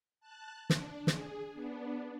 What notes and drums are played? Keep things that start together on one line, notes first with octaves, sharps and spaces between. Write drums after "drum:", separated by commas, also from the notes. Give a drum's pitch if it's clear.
A5 F#6
D4, drum: snare
G#4, drum: snare
B3 D4